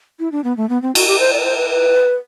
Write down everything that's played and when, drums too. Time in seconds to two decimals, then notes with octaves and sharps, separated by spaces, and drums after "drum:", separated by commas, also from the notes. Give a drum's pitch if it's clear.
0.20 E4
0.32 D4
0.44 B3
0.57 A3
0.69 B3
0.82 C4
0.95 F#4, drum: cymbal
1.07 G4
1.19 C5
1.33 D5
1.40 B4
1.45 C5
1.57 B4
1.70 B4